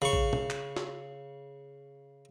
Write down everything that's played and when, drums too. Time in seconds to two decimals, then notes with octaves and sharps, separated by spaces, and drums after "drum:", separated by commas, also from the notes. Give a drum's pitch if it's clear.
0.02 C#3 C#6
0.13 drum: kick
0.33 drum: tom B2
0.50 drum: clap
0.77 drum: snare